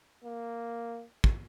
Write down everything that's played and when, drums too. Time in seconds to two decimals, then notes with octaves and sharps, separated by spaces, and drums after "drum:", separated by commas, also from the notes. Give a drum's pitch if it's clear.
0.24 A#3
1.24 drum: kick